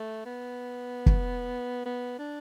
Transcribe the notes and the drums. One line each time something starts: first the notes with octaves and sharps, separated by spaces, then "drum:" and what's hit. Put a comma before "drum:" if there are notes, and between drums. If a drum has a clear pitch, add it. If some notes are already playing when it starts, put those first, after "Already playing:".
Already playing: A3
B3
drum: kick
B3
D4